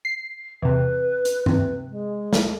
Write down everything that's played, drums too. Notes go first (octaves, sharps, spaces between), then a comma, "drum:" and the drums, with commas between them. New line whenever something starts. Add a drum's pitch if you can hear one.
C7
E2 C3 B4
drum: hi-hat
C3 B4, drum: tom G2
G#3
drum: snare